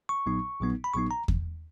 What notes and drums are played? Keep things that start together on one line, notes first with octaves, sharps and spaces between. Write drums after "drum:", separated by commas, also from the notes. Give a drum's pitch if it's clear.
C#6
A#1 A#2 F#3 B3 D#4
A#1 A#2 F#3 B3 D#4
B5
A#1 A#2 F#3 B3 D#4 C#6
A#5
drum: kick E2